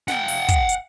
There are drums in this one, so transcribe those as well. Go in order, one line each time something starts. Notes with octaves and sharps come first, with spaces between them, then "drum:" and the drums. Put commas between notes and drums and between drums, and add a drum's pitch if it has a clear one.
F#5 G5, drum: snare
drum: open hi-hat
drum: kick, hi-hat
drum: hi-hat